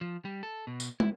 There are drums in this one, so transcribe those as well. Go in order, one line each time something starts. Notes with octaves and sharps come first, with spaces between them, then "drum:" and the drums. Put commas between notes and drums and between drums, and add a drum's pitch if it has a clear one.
F3
G3
A4
B2
drum: tambourine
E4, drum: tom